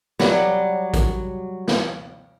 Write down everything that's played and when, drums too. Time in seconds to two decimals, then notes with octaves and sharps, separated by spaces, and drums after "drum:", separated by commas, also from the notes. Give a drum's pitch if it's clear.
0.20 F#3 G3, drum: snare
0.94 drum: kick A1, hi-hat
1.68 drum: snare